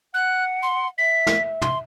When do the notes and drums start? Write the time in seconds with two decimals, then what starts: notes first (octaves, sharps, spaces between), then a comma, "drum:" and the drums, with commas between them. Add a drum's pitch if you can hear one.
0.14 F#5 F#6
0.63 C6
0.98 E5 B6
1.27 drum: snare
1.62 C6, drum: tom